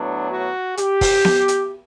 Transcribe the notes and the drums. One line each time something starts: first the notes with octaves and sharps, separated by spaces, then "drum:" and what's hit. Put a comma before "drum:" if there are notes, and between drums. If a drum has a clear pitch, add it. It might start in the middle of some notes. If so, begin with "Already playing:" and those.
Already playing: A2 F#3 B3 D4
F#4
G4, drum: hi-hat
drum: kick, open hi-hat
drum: snare B3
drum: hi-hat